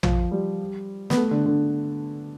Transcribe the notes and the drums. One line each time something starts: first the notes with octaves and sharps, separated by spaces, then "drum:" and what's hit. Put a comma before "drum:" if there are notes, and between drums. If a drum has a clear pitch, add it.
F3, drum: tom
G3
B3, drum: snare
A3
D3
D3